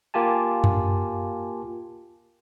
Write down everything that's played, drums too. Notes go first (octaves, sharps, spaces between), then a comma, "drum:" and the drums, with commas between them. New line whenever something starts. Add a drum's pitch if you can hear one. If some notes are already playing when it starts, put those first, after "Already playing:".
A#3 F4 G4 G#5 A5
drum: tom F#2